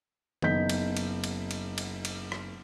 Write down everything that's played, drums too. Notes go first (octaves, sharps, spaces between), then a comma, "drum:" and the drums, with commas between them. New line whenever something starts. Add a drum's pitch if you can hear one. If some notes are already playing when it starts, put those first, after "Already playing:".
F#1 B3 D#4 D#5 G6 B6, drum: tom
drum: cymbal
drum: cymbal
drum: cymbal
drum: cymbal
drum: cymbal
drum: cymbal
drum: rim click